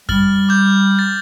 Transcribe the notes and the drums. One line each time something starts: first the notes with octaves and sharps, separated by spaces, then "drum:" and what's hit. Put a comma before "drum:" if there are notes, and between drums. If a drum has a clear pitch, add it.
G3 F6 A6 F#7, drum: kick F#2
D6 G6
A6